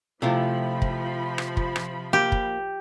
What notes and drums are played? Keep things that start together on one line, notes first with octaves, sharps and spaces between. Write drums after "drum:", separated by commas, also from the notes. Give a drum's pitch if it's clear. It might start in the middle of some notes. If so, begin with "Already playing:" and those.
C3 F3 A3 E4 F4 B5
drum: kick
drum: rim click
drum: kick
drum: rim click
A#3 G4
drum: kick